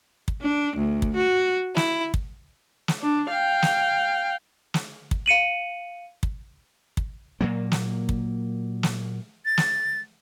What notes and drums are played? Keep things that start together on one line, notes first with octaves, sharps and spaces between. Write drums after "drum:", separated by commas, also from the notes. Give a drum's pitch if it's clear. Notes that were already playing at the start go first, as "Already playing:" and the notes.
drum: kick
D4
D2
drum: kick
F#4
E4, drum: snare
drum: kick
drum: snare
D4
F5 G5
drum: snare
drum: snare
drum: kick
F5 C#7 D#7 F#7
drum: kick
drum: kick
A#2 F#3 A#3
drum: snare
drum: kick
drum: snare
A6
drum: snare